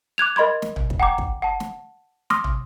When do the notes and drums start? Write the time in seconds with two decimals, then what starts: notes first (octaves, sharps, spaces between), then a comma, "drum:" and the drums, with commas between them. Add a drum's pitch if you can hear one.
0.18 D6 F#6 G#6 F7
0.36 A#4 D#5 B5 C6 G#6
0.62 drum: snare
0.76 drum: tom
0.90 drum: kick
1.00 F#5 G5 A#5 D6
1.18 drum: kick
1.42 F#5 A5
1.60 drum: snare
2.30 C6 D6 D#6 F6 A#6, drum: snare
2.44 drum: tom